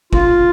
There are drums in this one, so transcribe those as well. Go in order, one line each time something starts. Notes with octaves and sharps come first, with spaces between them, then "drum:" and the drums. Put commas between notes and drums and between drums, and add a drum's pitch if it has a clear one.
F4, drum: kick